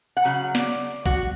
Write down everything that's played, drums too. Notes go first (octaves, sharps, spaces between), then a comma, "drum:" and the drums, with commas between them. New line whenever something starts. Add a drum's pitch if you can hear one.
F#5
C#3 F#3
D5, drum: snare
F#4, drum: kick B1